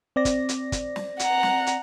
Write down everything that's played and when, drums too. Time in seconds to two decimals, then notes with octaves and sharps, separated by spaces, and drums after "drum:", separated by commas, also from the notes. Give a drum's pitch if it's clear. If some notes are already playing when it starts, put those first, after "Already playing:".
0.16 C4 D5 A#6
0.25 drum: kick, hi-hat
0.49 drum: hi-hat
0.72 drum: kick, hi-hat
0.96 drum: snare
1.19 F#5 A#5, drum: hi-hat
1.43 drum: snare
1.67 drum: hi-hat